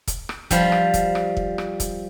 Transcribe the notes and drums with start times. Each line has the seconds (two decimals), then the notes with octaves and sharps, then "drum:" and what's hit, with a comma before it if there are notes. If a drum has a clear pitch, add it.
0.08 drum: kick, hi-hat
0.29 drum: rim click
0.51 F3 G3, drum: kick, hi-hat
0.72 drum: rim click
0.94 drum: kick, hi-hat
1.15 drum: rim click
1.37 drum: kick
1.58 drum: rim click
1.80 drum: kick, hi-hat